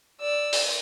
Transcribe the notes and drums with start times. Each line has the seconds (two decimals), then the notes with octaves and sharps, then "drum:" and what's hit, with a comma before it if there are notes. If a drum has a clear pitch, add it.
0.21 D5 E6
0.53 drum: open hi-hat